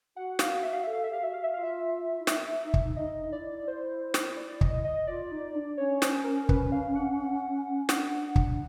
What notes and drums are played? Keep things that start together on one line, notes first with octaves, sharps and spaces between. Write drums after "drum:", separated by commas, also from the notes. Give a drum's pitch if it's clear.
F#4 F#5
F5, drum: snare
E5
F5
A4 E5
F5
E5
G4 F5
F#4 E5
F5
E5
F4 F5
E5
F4
E4
D#4 E5, drum: snare
drum: kick
D#4 D#5
D#4
E4 D5
C5
drum: snare
D5
D#5, drum: kick
D#5
F4 D5
D#4
D4
C#4 C#5
C5, drum: snare
A#4
B4, drum: kick
F5
F#5
D4 F#5, drum: snare
drum: kick